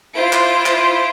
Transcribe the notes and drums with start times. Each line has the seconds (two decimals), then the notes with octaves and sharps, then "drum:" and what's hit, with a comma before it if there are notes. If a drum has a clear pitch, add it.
0.16 E4 F4 C5 D7
0.33 drum: clap
0.66 drum: clap